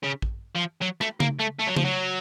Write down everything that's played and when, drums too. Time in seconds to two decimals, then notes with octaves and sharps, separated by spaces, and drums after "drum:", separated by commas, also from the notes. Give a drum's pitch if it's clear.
0.03 C#3
0.22 drum: kick
0.55 F3
0.81 F#3
1.01 A3, drum: rim click
1.20 A#3, drum: tom C#3
1.40 A3
1.59 A3
1.67 F#3
1.77 F3, drum: tom C#3
1.85 F#3